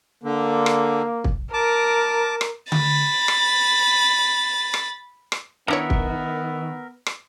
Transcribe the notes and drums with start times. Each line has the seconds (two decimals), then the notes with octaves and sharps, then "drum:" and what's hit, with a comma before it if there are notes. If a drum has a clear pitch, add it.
0.23 D3 A#3
0.66 drum: rim click
1.24 drum: kick
1.53 A#4 A5 D6
2.41 drum: rim click
2.72 B5 A6, drum: tom D3
3.28 drum: rim click
4.74 drum: rim click
5.32 drum: rim click
5.68 D#3 B3 D4 E4 A#4 C#5 E5
5.90 drum: kick
7.06 drum: rim click